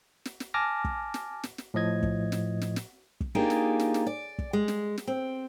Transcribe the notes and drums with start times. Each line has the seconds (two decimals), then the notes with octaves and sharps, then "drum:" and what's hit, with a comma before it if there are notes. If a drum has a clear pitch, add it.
0.25 drum: snare
0.40 drum: snare
0.54 G#5 A5 D6 F6 A#6
0.84 drum: kick
1.14 drum: snare
1.43 drum: snare
1.58 drum: snare
1.74 A2 F3 D#5 G#6
2.02 drum: kick
2.32 drum: snare
2.62 drum: snare
2.76 drum: snare
3.21 drum: kick
3.35 A#3 D4 D#4 F4 G4 G#4
3.50 drum: snare
3.80 drum: snare
3.94 drum: snare
4.07 D5
4.39 drum: kick
4.53 G#3
4.68 drum: snare
4.98 drum: snare
5.07 C4